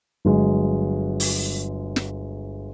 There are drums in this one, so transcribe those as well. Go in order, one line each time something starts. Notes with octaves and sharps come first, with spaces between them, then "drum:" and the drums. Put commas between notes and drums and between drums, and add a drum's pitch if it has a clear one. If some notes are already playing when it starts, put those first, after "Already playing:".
G1 F#3 G#3
drum: open hi-hat
drum: snare